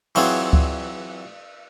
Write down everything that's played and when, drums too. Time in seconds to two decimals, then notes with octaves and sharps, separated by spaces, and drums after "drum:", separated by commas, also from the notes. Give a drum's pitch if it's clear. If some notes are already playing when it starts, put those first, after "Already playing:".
0.15 E3 F#3 C4 F4 G#4, drum: cymbal
0.53 drum: kick C#2